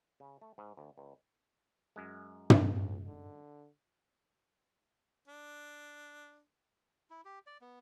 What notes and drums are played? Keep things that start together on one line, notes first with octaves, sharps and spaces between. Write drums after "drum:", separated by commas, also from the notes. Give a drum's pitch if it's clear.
C#3
A3
G#2
D2
C#2
F#2 G#3
drum: tom
C#2
D3
D4
E4
G4
D5
B3